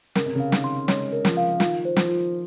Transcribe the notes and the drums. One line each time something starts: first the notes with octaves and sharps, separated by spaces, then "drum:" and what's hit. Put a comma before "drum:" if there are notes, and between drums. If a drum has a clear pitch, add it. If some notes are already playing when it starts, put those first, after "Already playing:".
C#3 A#4, drum: snare
C3
C#3 F5
D#3, drum: snare
C6
G#3 C#5, drum: snare
A#4
F3, drum: snare
F5
D#3 F4, drum: snare
C5
F3, drum: snare
F4